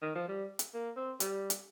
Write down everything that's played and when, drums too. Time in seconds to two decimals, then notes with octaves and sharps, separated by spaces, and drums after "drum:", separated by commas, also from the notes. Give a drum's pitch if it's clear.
0.02 D#3
0.16 F3
0.29 G3
0.59 drum: hi-hat
0.74 A#3
0.97 C4
1.20 G3, drum: hi-hat
1.50 drum: hi-hat